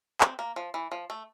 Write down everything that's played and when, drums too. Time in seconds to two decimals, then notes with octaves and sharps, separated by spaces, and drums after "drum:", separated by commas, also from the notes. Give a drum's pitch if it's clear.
0.21 C4, drum: clap
0.39 A#3
0.56 F3
0.74 E3
0.92 F3
1.10 A3